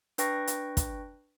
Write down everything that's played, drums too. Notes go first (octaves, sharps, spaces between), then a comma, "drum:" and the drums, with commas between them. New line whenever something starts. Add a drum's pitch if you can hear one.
D4 B4 G5 C#6 A#6, drum: hi-hat
drum: hi-hat
drum: kick, hi-hat